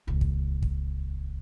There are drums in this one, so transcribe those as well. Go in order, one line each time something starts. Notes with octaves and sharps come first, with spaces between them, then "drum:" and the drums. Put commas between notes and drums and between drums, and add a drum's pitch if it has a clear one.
D#1 C#2
drum: kick
drum: kick